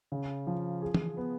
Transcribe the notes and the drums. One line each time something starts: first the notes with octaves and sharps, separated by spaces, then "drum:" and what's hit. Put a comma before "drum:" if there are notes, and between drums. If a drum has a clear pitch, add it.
C#3
F3
G#4
drum: tom E3
B3